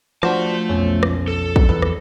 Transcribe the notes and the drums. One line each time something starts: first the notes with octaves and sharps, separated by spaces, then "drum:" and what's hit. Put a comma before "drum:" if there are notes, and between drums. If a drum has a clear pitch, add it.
F3 A3 D4 F#4 C5 A5, drum: rim click
B1 F2 B2 C#4
drum: rim click
A4
drum: kick
E2 E4 B4
drum: rim click